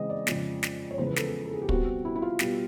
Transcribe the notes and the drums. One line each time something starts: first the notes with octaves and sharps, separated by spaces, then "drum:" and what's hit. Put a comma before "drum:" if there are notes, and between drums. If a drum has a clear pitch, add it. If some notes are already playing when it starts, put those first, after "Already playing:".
Already playing: C#3 E3 G#3 C4 D#5
D5
F2 C#3 F3 G#3, drum: snare
drum: snare
C#5
E2 C#3 F3 G#3 C5
B4
A4, drum: snare
G#4
A4
G#4
G4
B2 G3 C4 F#4, drum: kick
E4
E4
F4
B2 G3 B3, drum: snare